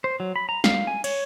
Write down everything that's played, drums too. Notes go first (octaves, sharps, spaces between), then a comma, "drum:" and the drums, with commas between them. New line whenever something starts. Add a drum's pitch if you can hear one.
C5
F#3
B5
A#5
F5, drum: snare
G#5
C#5, drum: cymbal